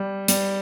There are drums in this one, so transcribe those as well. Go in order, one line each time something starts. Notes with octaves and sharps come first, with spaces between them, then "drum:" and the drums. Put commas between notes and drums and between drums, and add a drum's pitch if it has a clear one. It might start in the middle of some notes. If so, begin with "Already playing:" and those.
Already playing: G3
G3, drum: hi-hat